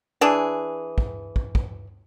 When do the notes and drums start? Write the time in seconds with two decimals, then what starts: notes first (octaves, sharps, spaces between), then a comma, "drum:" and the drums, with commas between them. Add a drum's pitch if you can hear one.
0.21 E3 D4 G#4
0.98 drum: kick
1.36 drum: kick
1.55 drum: kick